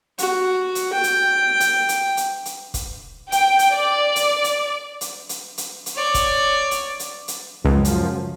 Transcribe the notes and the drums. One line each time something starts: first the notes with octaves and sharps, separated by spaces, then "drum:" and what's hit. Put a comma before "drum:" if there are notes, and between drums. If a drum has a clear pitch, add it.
F#4, drum: hi-hat
drum: hi-hat
G5
drum: hi-hat
drum: hi-hat
drum: hi-hat
drum: hi-hat
drum: hi-hat
drum: kick, hi-hat
G5, drum: hi-hat
drum: hi-hat
D5
drum: hi-hat
drum: hi-hat
drum: hi-hat
drum: hi-hat
drum: hi-hat
drum: hi-hat
C#5 D5
drum: kick, hi-hat
drum: hi-hat
drum: hi-hat
drum: hi-hat
C#2 F#2 F3
drum: hi-hat